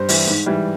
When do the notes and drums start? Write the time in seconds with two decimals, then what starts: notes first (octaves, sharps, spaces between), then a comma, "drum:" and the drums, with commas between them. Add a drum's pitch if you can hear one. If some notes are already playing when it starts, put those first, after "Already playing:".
Already playing: G2 C5
0.09 E3 G3, drum: open hi-hat
0.27 G#2
0.46 E3 G3